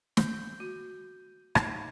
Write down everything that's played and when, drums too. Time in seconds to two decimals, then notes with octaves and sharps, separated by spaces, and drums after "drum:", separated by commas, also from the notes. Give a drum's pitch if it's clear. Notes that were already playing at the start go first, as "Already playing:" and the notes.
0.17 G6, drum: snare
0.60 F#4
1.55 D#4, drum: rim click